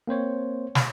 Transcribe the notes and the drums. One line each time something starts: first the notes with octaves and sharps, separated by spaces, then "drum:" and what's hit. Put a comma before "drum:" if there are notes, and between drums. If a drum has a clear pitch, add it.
A#3 C4 C5 C#5
drum: snare